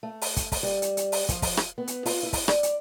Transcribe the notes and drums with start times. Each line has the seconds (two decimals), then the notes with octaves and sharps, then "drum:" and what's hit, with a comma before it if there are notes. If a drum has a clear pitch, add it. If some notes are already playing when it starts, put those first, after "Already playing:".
0.03 A3
0.22 drum: open hi-hat
0.37 drum: kick, hi-hat
0.52 drum: kick, open hi-hat
0.63 G3
0.82 drum: hi-hat
0.97 drum: hi-hat
1.12 drum: open hi-hat
1.29 F3, drum: kick, hi-hat
1.42 drum: kick, open hi-hat
1.57 drum: rim click
1.78 B3
1.87 drum: hi-hat
2.06 F4, drum: open hi-hat
2.23 E4
2.33 drum: kick, open hi-hat
2.48 D5, drum: rim click
2.63 drum: hi-hat